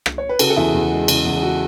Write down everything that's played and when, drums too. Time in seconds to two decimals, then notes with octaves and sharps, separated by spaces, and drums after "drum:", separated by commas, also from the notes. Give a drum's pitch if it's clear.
0.06 drum: rim click
0.18 C#5
0.29 B4
0.39 C#3 F#4 A4, drum: cymbal
0.50 A4
0.56 E2 E4 G#4
0.74 E2
0.91 G#3
1.08 C#3, drum: cymbal
1.25 E2
1.43 F#4